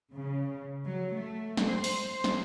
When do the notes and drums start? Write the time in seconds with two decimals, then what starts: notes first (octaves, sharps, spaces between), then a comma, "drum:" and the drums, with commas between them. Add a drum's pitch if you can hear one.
0.12 C#3
0.86 F#3
1.15 A3
1.57 drum: snare
1.69 C5
1.84 drum: open hi-hat
2.24 drum: snare